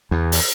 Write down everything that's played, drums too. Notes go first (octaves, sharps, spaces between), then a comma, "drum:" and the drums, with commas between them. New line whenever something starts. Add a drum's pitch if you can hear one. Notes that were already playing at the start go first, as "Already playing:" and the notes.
E2
drum: open hi-hat